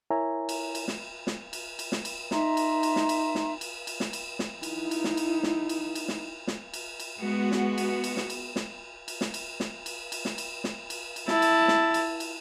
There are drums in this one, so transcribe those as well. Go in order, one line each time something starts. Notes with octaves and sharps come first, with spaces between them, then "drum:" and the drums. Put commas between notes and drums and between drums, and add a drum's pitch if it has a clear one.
E4 A#4 C#5 E5 G#5 A#5
drum: cymbal
drum: cymbal
drum: snare
drum: snare
drum: cymbal
drum: cymbal
drum: snare
drum: cymbal
D#4 E5 A#5 C6, drum: snare
drum: cymbal
drum: cymbal
drum: snare
drum: cymbal
drum: snare
drum: cymbal
drum: cymbal
drum: snare
drum: cymbal
drum: snare
D#4 E4, drum: cymbal
drum: cymbal
drum: snare
drum: cymbal
drum: snare
drum: cymbal
drum: cymbal
drum: snare
drum: snare
drum: cymbal
drum: cymbal
G#3 B3 F#4
drum: snare
drum: cymbal
drum: cymbal
drum: snare
drum: cymbal
drum: snare
drum: cymbal
drum: snare
drum: cymbal
drum: snare
drum: cymbal
drum: cymbal
drum: snare
drum: cymbal
drum: snare
drum: cymbal
drum: cymbal
E4 A5, drum: snare
drum: cymbal
drum: snare
drum: cymbal
drum: cymbal